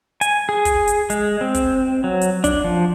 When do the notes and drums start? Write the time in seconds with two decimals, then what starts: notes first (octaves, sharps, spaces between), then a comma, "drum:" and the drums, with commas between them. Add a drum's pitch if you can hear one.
0.21 G#5, drum: hi-hat
0.49 G#4
0.65 drum: kick, hi-hat
0.88 drum: hi-hat
1.10 G#3, drum: hi-hat
1.41 C4
1.54 drum: kick, hi-hat
2.04 F#3
2.21 drum: hi-hat
2.44 D4, drum: kick, hi-hat
2.64 F3